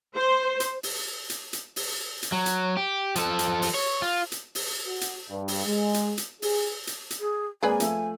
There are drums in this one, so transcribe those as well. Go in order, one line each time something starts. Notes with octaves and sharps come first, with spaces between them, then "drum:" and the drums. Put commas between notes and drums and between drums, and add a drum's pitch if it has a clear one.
C5
drum: hi-hat
drum: open hi-hat
drum: hi-hat
drum: hi-hat
drum: open hi-hat
drum: hi-hat
F#3
drum: hi-hat
G4
F3 A4, drum: hi-hat
drum: hi-hat
drum: open hi-hat
C#5
F4
drum: hi-hat
drum: open hi-hat
F#4
drum: hi-hat
G2
drum: open hi-hat
G#3
drum: hi-hat
drum: hi-hat
G#4, drum: open hi-hat
drum: hi-hat
drum: hi-hat
G#4
G#3 A#3 C4 G#4 B4 D5 G#5
F3 A3, drum: hi-hat